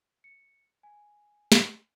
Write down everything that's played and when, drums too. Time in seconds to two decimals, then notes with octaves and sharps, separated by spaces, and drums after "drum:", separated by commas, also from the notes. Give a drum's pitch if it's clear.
0.24 C#7
0.83 G#5
1.52 drum: snare